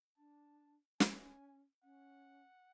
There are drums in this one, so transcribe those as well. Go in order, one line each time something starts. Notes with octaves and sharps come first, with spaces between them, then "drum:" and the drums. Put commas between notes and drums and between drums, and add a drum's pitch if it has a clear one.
D4 A5
C#4 G#5, drum: snare
C#4 F#5